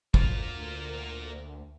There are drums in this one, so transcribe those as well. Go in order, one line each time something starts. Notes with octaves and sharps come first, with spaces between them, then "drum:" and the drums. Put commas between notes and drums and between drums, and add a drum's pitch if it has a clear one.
D2 A#3 F4 A#4, drum: kick